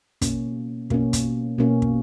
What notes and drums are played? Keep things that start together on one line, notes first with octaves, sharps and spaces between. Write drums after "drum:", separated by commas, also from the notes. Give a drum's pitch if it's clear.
B2 A#3 C#4, drum: kick, hi-hat
B2 A#3 C#4, drum: kick
drum: kick, hi-hat
B2 A#3 C#4
drum: kick